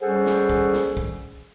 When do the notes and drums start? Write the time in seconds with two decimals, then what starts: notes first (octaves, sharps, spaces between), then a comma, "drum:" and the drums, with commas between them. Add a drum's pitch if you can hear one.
0.02 G3 C#4 G#4 A4 C5 F#5
0.26 drum: snare
0.49 drum: kick
0.73 drum: snare
0.97 drum: kick